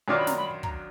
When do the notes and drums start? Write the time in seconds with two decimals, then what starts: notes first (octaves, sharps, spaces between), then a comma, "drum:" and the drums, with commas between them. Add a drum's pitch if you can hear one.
0.08 F#2 D#3 F#3 D4 F4 D6
0.17 B5
0.27 A#5, drum: snare
0.37 B5
0.63 A#5, drum: kick